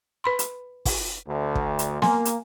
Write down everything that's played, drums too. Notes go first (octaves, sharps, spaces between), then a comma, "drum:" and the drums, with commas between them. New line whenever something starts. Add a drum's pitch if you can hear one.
B4 B5 C6
drum: hi-hat
drum: kick, open hi-hat
D2
drum: kick
drum: hi-hat
A#3 G#5 C6, drum: snare B3
drum: hi-hat